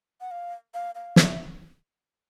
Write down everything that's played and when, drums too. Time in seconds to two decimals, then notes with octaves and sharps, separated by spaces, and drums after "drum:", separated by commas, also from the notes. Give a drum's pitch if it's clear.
0.21 F#5
0.31 F5
0.74 F5
0.95 F5
1.16 E5, drum: snare